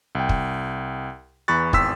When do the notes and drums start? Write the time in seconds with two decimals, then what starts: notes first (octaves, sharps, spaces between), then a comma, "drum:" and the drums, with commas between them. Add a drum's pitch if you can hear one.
0.15 C2 G5
0.29 drum: kick
1.48 E2 E3 B5 C#6 F#6 A6
1.73 G#1 E2 G5 C6 E6 B6, drum: kick